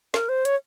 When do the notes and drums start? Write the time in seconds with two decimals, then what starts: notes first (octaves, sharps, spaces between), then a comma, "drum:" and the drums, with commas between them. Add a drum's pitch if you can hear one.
0.14 A#4, drum: snare
0.29 C5
0.45 C#5, drum: hi-hat